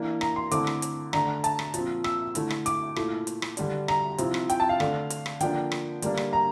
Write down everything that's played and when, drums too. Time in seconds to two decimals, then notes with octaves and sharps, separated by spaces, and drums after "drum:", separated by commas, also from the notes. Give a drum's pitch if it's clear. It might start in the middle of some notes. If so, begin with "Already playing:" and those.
Already playing: E3 A#3 D4
0.21 A#5, drum: rim click
0.36 C6
0.51 D3 A3 C4 E4 D6, drum: hi-hat
0.67 drum: rim click
0.82 drum: hi-hat
1.13 D3 A3 D4 A#5, drum: rim click
1.44 A5, drum: hi-hat
1.59 drum: rim click
1.74 A#2 F3 C4, drum: hi-hat
2.04 E6, drum: rim click
2.35 D3 A3 E4, drum: hi-hat
2.50 drum: rim click
2.66 D6, drum: hi-hat
2.96 A#2 A3 E4, drum: rim click
3.27 drum: hi-hat
3.42 drum: rim click
3.57 D3 G3 D4, drum: hi-hat
3.88 A#5, drum: rim click
4.18 C3 F3 C4 E4, drum: hi-hat
4.34 drum: rim click
4.50 G5, drum: hi-hat
4.60 A5
4.69 F5
4.80 D3 A3 D4, drum: rim click
5.10 drum: hi-hat
5.26 drum: rim click
5.40 D3 F3 A#3 D4 G5, drum: hi-hat
5.72 drum: rim click
6.02 D3 G3 A#3 D4, drum: hi-hat
6.17 drum: rim click
6.33 A#5